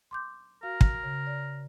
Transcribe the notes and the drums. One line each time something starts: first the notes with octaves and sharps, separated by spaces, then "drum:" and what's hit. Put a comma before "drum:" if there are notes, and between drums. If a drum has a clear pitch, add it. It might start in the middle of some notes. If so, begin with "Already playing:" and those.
C6 D6 G6
F#4 A#4 F5
drum: kick
C#3
D5